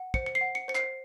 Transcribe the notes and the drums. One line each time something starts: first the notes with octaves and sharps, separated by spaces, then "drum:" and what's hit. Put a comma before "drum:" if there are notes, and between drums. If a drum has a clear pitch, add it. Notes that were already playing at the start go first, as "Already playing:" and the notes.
Already playing: F#5
C5 C#7, drum: kick
C#7
C7
F#5
C#7
C5 C#7
C7, drum: clap